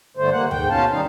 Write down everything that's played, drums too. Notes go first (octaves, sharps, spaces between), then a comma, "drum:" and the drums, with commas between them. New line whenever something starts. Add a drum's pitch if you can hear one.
G2 D3 A3 C5
D#2 A#3 F#5
G#2 G5, drum: tom D2
B2 C#4 F4 F5 A5
D#3 G3 D#4 F5